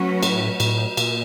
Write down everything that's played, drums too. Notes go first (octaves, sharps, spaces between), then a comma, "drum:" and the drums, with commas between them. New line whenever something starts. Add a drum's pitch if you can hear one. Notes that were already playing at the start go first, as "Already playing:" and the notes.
Already playing: F#3 A3 C#4 F#4 B4
A2, drum: cymbal
A2, drum: cymbal
A#2, drum: cymbal